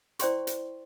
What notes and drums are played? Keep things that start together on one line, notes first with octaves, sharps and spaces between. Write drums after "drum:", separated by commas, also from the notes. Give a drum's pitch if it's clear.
E4 C5 D5 G5 C6 C#6, drum: hi-hat
drum: hi-hat